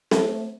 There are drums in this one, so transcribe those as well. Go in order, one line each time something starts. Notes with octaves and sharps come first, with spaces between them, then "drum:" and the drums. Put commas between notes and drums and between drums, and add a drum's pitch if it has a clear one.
A3, drum: snare C4